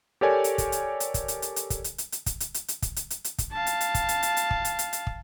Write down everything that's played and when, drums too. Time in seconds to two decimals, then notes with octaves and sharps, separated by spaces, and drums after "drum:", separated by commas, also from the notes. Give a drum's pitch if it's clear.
0.21 G4 A4 A#4 C#5 D5 G#5
0.44 drum: hi-hat
0.58 drum: kick, hi-hat
0.72 drum: hi-hat
1.00 drum: hi-hat
1.14 drum: kick, hi-hat
1.28 drum: hi-hat
1.42 drum: hi-hat
1.56 drum: hi-hat
1.70 drum: kick, hi-hat
1.84 drum: hi-hat
1.98 drum: hi-hat
2.12 drum: hi-hat
2.26 drum: kick, hi-hat
2.40 drum: hi-hat
2.54 drum: hi-hat
2.68 drum: hi-hat
2.82 drum: kick, hi-hat
2.96 drum: hi-hat
3.10 drum: hi-hat
3.24 drum: hi-hat
3.38 drum: kick, hi-hat
3.52 F5 A5
3.67 drum: hi-hat
3.81 drum: hi-hat
3.95 drum: kick, hi-hat
4.09 drum: hi-hat
4.23 drum: hi-hat
4.37 drum: hi-hat
4.51 drum: kick
4.65 drum: hi-hat
4.79 drum: hi-hat
4.93 drum: hi-hat
5.07 drum: kick